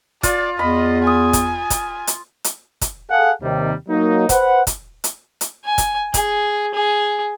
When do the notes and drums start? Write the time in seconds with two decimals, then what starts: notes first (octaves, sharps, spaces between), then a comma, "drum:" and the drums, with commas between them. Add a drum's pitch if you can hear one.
0.23 F4 D5, drum: kick, hi-hat
0.59 E2 D#5 B5
1.07 G#5 D#6
1.33 drum: kick, hi-hat
1.70 drum: kick, hi-hat
2.07 drum: hi-hat
2.44 drum: hi-hat
2.81 drum: kick, hi-hat
3.10 G#4 A4 F5 F#5
3.42 D#2 C3 D#3 G3
3.89 F#3 A#3 D#4
4.29 B4 C5 F#5, drum: kick, hi-hat
4.67 drum: kick, hi-hat
5.04 drum: hi-hat
5.41 drum: hi-hat
5.65 G#5
5.78 drum: kick, hi-hat
6.14 G#4, drum: kick, hi-hat
6.74 G#4